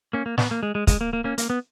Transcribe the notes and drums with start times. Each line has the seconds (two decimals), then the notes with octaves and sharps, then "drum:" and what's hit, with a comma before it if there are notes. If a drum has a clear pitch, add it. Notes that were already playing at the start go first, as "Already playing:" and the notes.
0.13 A#3 C#4
0.26 A#3
0.38 B3, drum: snare
0.51 A#3
0.63 G#3
0.75 G#3
0.87 G#3, drum: kick, hi-hat
1.01 A#3
1.13 A#3
1.24 A#3 C#4
1.38 A#3, drum: hi-hat
1.50 B3